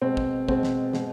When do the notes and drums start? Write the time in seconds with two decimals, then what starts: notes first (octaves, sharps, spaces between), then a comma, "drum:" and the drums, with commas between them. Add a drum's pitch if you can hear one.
0.02 B2 G#3 C4
0.17 drum: kick
0.48 B2 G#3 C4, drum: kick
0.63 drum: snare
0.93 B2 G#3, drum: snare